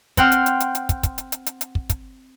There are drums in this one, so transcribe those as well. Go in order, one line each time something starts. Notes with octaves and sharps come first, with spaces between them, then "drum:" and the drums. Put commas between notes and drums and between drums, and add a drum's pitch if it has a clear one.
C4 F#5 G5 C6 F6, drum: kick, hi-hat
drum: hi-hat
drum: hi-hat
drum: hi-hat
drum: hi-hat
drum: kick, hi-hat
drum: kick, hi-hat
drum: hi-hat
drum: hi-hat
drum: hi-hat
drum: hi-hat
drum: kick
drum: kick, hi-hat